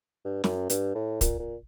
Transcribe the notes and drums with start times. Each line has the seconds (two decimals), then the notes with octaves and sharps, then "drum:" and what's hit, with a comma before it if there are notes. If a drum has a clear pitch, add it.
0.25 G2
0.44 F#2, drum: snare
0.70 G2, drum: hi-hat
0.95 A2
1.21 A#2, drum: kick, hi-hat
1.39 A#2